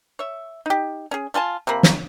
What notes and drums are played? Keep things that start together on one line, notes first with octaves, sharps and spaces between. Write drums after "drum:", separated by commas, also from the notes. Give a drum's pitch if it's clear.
C#5 E5
D#4 G4
C#4 G#4
A3 F4 G#5 A5
C3 F3 A#3 B5
drum: snare